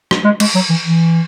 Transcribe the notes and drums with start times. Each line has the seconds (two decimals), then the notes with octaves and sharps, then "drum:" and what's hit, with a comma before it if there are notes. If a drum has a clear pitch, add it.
0.11 drum: rim click
0.24 G#3
0.40 G#3, drum: cymbal
0.55 F#3
0.69 E3
0.84 E3